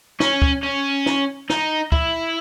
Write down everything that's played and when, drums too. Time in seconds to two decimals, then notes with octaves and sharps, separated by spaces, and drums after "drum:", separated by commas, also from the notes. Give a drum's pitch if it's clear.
0.20 C#4, drum: snare
0.42 drum: kick
0.63 C#4
1.06 drum: snare
1.50 D#4, drum: snare
1.92 E4, drum: kick